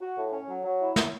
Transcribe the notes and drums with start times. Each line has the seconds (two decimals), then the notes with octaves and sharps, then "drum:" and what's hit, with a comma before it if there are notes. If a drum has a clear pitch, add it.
0.01 F#4
0.16 A2
0.32 C#4
0.48 F#3
0.64 F#3
0.81 E4
0.96 drum: snare